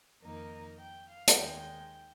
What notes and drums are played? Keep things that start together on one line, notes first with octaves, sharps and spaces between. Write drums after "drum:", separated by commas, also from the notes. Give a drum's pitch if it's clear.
F2 D#3 A#3 D#4 A#4
G5
F5
drum: hi-hat
D#2 D#3 G#3 G5